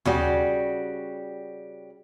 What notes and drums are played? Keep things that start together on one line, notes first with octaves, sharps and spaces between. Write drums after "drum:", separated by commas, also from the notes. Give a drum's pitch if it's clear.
C#3 G3 F#4, drum: tom D#2